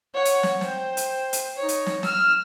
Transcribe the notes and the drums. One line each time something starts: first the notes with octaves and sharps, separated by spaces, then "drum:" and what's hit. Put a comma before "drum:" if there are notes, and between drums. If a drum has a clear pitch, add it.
C#5 F#5
drum: hi-hat
drum: snare
C5 G5, drum: snare
drum: hi-hat
drum: hi-hat
D#4 C#5
drum: hi-hat
drum: snare
E6 F6, drum: snare